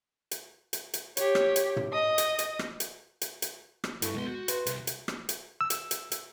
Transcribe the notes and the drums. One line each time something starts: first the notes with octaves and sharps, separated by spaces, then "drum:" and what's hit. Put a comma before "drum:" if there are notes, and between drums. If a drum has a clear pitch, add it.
drum: hi-hat
drum: hi-hat
drum: hi-hat
G4 C#5, drum: hi-hat
drum: rim click
drum: hi-hat
drum: tom
D#5 D#6
drum: hi-hat
drum: hi-hat
drum: rim click
drum: hi-hat
drum: hi-hat
drum: hi-hat
drum: rim click
G2 E4 A4 C#6, drum: hi-hat
B1 G#3 B3 C6
F#4 G6
B4 C6 F#6, drum: hi-hat
C2, drum: hi-hat
drum: hi-hat
drum: rim click
drum: hi-hat
E6
drum: hi-hat
drum: hi-hat
drum: hi-hat